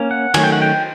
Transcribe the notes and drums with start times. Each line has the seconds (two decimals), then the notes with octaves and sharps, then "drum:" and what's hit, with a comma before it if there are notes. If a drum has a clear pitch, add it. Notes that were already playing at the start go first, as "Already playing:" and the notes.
Already playing: A#3 C#4
0.11 F#5
0.34 D#3 F#3 A3 C#4 G#5, drum: cymbal
0.43 G5
0.52 F#5
0.62 G5